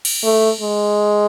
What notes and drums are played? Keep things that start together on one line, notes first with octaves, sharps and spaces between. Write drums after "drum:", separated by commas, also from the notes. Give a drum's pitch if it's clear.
drum: cymbal
A3
G#3